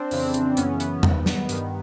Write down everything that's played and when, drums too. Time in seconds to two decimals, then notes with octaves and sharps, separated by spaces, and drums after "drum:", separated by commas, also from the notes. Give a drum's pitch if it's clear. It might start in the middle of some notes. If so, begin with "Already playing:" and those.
Already playing: C4 D4
0.11 F2 C#3 E3, drum: open hi-hat
0.34 drum: hi-hat
0.57 F#2 C#3 E3 B3 C#4, drum: hi-hat
0.80 B3, drum: hi-hat
1.03 G#2 D#3, drum: tom E2
1.26 drum: snare
1.49 G2 D#3, drum: hi-hat